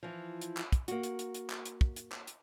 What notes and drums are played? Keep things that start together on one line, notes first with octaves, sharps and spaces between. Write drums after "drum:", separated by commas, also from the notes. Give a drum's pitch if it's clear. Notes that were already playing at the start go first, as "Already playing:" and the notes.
E3 F3
drum: hi-hat
drum: clap
drum: kick, hi-hat
A#3 F#4, drum: hi-hat
drum: hi-hat
drum: hi-hat
drum: hi-hat
drum: clap
drum: hi-hat
drum: kick
drum: hi-hat
drum: clap
drum: hi-hat